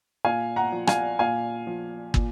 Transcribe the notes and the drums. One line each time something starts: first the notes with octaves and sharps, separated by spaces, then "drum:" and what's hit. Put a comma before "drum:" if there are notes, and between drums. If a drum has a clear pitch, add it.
A#2 F5 G#5
F#5 A#5
F3
F5 G#5, drum: rim click
A#2 F5 G#5
F3
A#2, drum: kick